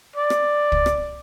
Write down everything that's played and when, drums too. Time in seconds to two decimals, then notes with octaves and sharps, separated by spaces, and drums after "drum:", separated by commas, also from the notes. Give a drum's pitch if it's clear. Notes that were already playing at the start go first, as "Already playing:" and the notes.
0.16 D5
0.30 drum: rim click
0.72 drum: kick
0.86 drum: rim click